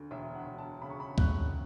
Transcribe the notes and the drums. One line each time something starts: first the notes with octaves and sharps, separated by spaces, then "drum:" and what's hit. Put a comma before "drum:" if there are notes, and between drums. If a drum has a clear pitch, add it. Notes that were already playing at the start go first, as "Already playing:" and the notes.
Already playing: D2 D3
E1 E5
F#5
E1
A5
C#3 B5
C#6
B5
C#3 F#6, drum: kick C#2